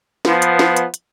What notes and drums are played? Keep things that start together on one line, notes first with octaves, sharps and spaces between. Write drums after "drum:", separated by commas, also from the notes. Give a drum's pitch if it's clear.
F3 B3, drum: snare
drum: hi-hat
drum: snare
drum: hi-hat
drum: hi-hat